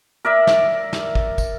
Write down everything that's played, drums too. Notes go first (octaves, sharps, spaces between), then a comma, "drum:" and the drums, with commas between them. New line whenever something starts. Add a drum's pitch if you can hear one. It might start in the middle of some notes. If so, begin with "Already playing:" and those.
A#4 D5 E5
drum: snare
drum: snare
drum: kick
drum: kick, tambourine